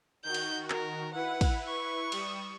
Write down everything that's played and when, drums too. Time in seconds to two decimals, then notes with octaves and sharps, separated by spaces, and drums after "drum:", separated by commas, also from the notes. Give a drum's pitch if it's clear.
0.24 D#3 F#4 G6
0.34 drum: cymbal
0.70 A#4, drum: clap
1.14 E4 B4 F#5
1.41 drum: kick, cymbal
1.68 C#6
2.12 G3 D#6 E7, drum: cymbal